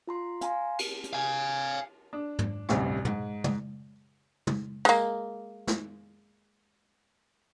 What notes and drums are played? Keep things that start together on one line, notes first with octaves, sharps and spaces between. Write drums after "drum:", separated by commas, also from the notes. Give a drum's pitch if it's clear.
F4 A#5 C6
F5 G#5 A#5 C6, drum: hi-hat
drum: cymbal
drum: hi-hat
F5 G#5
D4
drum: tom
A1 D2 G2 C3, drum: rim click
G#2, drum: tom
drum: tom
drum: tom
G#3 A#3, drum: tambourine
drum: snare